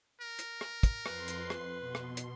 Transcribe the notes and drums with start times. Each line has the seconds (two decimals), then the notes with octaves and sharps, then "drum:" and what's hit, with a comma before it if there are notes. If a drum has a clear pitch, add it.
0.21 A#4
0.39 drum: hi-hat
0.61 drum: rim click
0.83 drum: kick, hi-hat
1.06 F2 B4 C6 C7, drum: rim click
1.28 drum: hi-hat
1.50 drum: rim click
1.80 B2 C6
1.95 drum: rim click
2.17 drum: hi-hat